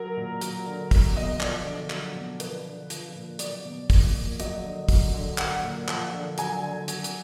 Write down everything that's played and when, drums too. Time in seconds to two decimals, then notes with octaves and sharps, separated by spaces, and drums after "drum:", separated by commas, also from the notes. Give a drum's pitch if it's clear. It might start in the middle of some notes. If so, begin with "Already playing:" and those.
Already playing: F#3 A#4
0.17 A#2
0.41 F#3, drum: hi-hat
0.66 D3
0.91 F#3, drum: kick, open hi-hat
1.16 B2 D#5
1.41 F3 D5, drum: clap
1.65 D3
1.90 F#3, drum: clap
2.15 B2
2.40 F3 B4, drum: hi-hat
2.66 D3
2.90 F3, drum: hi-hat
3.15 A#2
3.39 F#3 D5, drum: hi-hat
3.65 B2
3.90 F3, drum: kick, open hi-hat
4.14 A#2
4.40 F#3 D#5, drum: hi-hat
4.64 D3
4.89 F#3, drum: kick, open hi-hat
5.13 D3
5.38 F#3 F#5, drum: clap
5.63 A#2
5.88 F3, drum: clap
6.13 D3
6.38 F#3 G#5, drum: hi-hat
6.62 D3
6.88 F#3, drum: hi-hat
7.04 drum: hi-hat